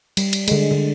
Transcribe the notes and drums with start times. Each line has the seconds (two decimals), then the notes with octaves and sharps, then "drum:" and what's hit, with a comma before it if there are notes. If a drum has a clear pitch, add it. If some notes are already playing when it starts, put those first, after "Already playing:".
0.17 G3, drum: cymbal
0.33 drum: cymbal
0.48 D3 G#3, drum: cymbal
0.71 D3